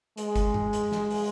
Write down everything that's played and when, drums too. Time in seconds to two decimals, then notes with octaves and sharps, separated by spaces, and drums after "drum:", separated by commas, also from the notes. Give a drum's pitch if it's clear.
0.17 G#3, drum: hi-hat
0.36 drum: kick G1, hi-hat
0.54 drum: tom G2
0.73 drum: hi-hat
0.92 drum: snare
1.10 drum: open hi-hat